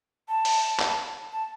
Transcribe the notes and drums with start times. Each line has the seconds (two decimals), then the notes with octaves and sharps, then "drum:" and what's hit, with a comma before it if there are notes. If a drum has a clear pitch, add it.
0.28 A5
0.45 drum: open hi-hat
0.80 drum: clap
1.32 A5